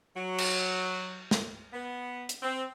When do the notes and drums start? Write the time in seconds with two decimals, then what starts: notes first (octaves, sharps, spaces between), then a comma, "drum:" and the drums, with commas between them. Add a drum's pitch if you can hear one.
0.15 F#3
0.38 drum: cymbal
1.31 drum: snare
1.73 B3
2.29 drum: hi-hat
2.42 C4